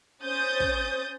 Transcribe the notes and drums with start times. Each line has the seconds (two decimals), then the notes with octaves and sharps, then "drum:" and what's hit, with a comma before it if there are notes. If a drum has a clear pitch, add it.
0.24 C#4 C5 D#6 G6 A6
0.60 drum: kick